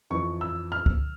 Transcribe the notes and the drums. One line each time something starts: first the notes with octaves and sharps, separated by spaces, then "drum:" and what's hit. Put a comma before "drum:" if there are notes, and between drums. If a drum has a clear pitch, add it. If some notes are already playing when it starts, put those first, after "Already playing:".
F2 E3 C#6
E6
F6
drum: kick